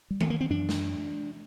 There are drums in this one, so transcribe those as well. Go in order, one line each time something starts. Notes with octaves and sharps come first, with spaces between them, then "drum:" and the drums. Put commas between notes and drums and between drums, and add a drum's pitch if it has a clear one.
G3
A3, drum: tom D#3
A#3
C4
F#2 D4
drum: snare